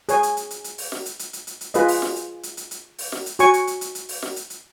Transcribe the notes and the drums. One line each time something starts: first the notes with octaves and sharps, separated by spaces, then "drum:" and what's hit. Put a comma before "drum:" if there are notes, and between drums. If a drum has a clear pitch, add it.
G#4 C#5 G#5, drum: hi-hat
drum: hi-hat
drum: hi-hat
drum: hi-hat
drum: hi-hat
drum: open hi-hat
drum: snare
drum: hi-hat
drum: hi-hat
drum: hi-hat
drum: hi-hat
drum: hi-hat
F4 G#4 B4 D#5, drum: hi-hat
drum: open hi-hat
drum: snare
drum: hi-hat
drum: hi-hat
drum: hi-hat
drum: hi-hat
drum: open hi-hat
drum: snare
drum: hi-hat
F#4 C#5 G#5 C#6, drum: hi-hat
drum: hi-hat
drum: hi-hat
drum: hi-hat
drum: hi-hat
drum: open hi-hat
drum: snare
drum: hi-hat
drum: hi-hat